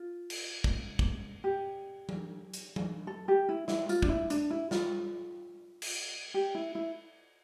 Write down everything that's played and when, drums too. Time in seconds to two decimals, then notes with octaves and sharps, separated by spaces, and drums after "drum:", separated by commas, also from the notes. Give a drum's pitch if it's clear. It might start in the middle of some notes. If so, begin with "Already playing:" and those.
Already playing: F4
0.30 drum: cymbal
0.64 drum: kick
0.99 drum: kick
1.44 G4
2.09 drum: tom F#3
2.54 drum: hi-hat
2.76 drum: tom F#3
3.07 A4
3.28 G4
3.49 E4
3.68 E4, drum: snare
3.89 F4, drum: tambourine
4.02 D4, drum: kick
4.09 E4
4.30 D4, drum: hi-hat
4.50 E4
4.71 F4, drum: snare
5.82 drum: cymbal
6.34 G4
6.55 E4
6.75 E4